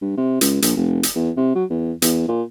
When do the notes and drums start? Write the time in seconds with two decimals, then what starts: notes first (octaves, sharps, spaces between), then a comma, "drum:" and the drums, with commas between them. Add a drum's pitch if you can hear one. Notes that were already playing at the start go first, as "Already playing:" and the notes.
0.02 G2
0.17 C3
0.41 C#2, drum: hi-hat
0.62 A#1, drum: hi-hat
0.77 F1
1.03 drum: hi-hat
1.15 E2
1.37 C3
1.55 F#3
1.70 E2
2.02 E2, drum: hi-hat
2.28 A#2